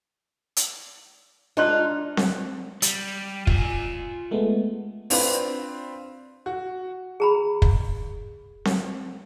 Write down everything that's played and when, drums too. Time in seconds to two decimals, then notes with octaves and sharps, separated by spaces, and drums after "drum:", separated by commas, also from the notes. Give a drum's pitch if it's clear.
0.57 drum: hi-hat
1.57 D4 D#4 F4 F#6
2.17 drum: snare C4
2.82 G3, drum: hi-hat
3.47 F4 G#5, drum: kick
4.31 G#3 A3 B3
5.10 C4 D4 F4 B4, drum: open hi-hat
6.46 F#4
7.20 G#4 A#5 B5
7.62 drum: kick
8.65 drum: snare C4